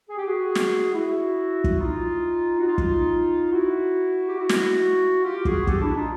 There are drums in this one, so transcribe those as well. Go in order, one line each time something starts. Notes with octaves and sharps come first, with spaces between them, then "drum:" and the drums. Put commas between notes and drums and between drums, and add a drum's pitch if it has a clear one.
G#4
G4
F#4 G#4
drum: snare
E4 F#4
drum: kick
D#4 F4
F#4
D#4 F4
drum: kick
E4 F#4
G4
E4 F#4
drum: snare
F4 G4
F#4 G#4, drum: kick
G4 A4, drum: kick
D4 E4
D#4 F4